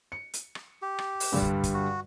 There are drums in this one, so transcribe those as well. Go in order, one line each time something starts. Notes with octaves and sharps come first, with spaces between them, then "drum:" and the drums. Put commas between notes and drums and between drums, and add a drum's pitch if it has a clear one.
C#7
drum: hi-hat
drum: rim click
G4
drum: rim click
drum: open hi-hat
G2 D3 G3
drum: kick
drum: kick, hi-hat
F#4